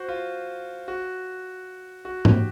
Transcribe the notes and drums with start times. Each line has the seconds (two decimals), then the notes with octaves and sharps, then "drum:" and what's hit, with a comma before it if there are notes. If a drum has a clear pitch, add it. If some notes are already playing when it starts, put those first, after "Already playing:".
Already playing: F#4 C5
0.09 F4
0.88 F#4
2.05 F#4
2.25 G4, drum: tom G#2